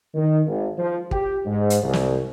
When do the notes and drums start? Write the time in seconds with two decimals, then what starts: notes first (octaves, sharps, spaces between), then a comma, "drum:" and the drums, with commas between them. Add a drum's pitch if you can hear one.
0.14 D#3
0.46 G#1
0.78 F3
1.11 G4, drum: kick
1.45 G#2
1.70 drum: hi-hat
1.83 C2
1.93 drum: snare